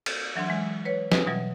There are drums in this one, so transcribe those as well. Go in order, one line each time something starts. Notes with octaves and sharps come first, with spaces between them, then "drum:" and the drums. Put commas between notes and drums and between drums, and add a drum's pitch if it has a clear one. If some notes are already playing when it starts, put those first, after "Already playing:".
drum: cymbal
E3 F#3 D4 C6
E3 G#3
B4 C#5
B4, drum: snare
B2 E3 F#3 G3